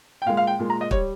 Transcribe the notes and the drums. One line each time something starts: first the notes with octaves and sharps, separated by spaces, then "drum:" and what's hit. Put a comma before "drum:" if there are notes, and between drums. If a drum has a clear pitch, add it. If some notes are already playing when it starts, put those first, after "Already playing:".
G5
A#2 G#3 F5
F5
G5
A#2 G#3
A#5
D#5
G3 C#5, drum: kick